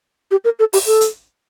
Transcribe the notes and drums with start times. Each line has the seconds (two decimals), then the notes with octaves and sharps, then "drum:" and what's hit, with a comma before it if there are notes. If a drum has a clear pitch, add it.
0.31 G4
0.44 A#4
0.59 A4
0.73 G4, drum: open hi-hat
0.86 A4
1.01 drum: hi-hat